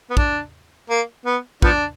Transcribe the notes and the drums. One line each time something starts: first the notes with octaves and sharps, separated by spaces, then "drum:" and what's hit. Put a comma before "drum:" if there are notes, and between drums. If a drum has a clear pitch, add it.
B3
D4, drum: kick
A#3
B3
F3 B3 D4, drum: kick